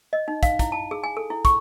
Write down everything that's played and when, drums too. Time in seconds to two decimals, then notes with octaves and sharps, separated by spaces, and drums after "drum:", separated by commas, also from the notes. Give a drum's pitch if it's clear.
0.13 D#5
0.28 D#4
0.43 F5, drum: kick, hi-hat
0.59 E4, drum: kick, hi-hat
0.72 A5
0.91 G#4
1.04 G#5
1.17 A4
1.30 E4
1.45 C#6, drum: kick, hi-hat